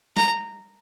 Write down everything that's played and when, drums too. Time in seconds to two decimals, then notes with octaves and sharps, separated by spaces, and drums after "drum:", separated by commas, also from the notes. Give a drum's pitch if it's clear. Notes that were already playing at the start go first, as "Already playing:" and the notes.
0.17 A#5, drum: snare